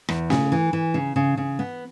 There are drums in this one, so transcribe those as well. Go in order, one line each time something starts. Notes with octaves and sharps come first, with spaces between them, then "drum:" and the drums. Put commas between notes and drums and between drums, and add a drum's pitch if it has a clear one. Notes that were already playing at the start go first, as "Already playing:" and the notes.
E2, drum: rim click
C#3, drum: snare
E3
E3
C#3
C#3
C#3
B3